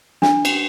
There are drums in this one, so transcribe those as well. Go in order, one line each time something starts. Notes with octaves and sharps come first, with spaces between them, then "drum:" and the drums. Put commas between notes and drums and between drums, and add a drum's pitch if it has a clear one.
D4, drum: snare
drum: cymbal